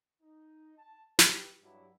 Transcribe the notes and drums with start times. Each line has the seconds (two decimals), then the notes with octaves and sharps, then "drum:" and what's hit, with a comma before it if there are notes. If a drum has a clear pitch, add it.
0.21 D#4
0.78 A5
1.19 G4 B4, drum: snare
1.62 G2 F#3 E4